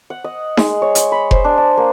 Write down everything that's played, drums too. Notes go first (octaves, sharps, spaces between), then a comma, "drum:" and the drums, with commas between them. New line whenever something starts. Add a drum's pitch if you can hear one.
F#5
D#5
G#3, drum: snare D#4
C#5
drum: hi-hat
B5
C5, drum: kick F1
D4
D4
A#3